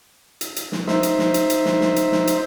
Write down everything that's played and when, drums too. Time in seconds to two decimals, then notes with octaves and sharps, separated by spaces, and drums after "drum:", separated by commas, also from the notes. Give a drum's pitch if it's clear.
0.41 drum: hi-hat
0.56 drum: hi-hat
0.72 drum: snare
0.87 D#4 C5 E5, drum: snare
1.03 drum: hi-hat
1.19 drum: snare
1.34 drum: hi-hat
1.50 drum: hi-hat
1.65 drum: snare
1.81 drum: snare
1.96 drum: hi-hat
2.12 drum: snare
2.27 drum: hi-hat